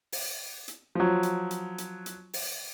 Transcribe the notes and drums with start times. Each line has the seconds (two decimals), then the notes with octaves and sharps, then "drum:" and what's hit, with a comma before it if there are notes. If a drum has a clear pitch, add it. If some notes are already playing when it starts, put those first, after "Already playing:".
0.12 drum: open hi-hat
0.68 drum: hi-hat
0.95 F3 F#3
1.23 drum: hi-hat
1.51 drum: hi-hat
1.78 drum: hi-hat
2.06 drum: hi-hat
2.33 drum: open hi-hat